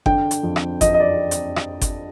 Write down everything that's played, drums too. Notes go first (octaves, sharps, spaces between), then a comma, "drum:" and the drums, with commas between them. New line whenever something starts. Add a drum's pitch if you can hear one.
D3 G5, drum: kick G1
drum: hi-hat
F2
drum: rim click
F2 D#5, drum: kick G1, hi-hat
D#5
D5
drum: hi-hat
drum: rim click
drum: kick G1, hi-hat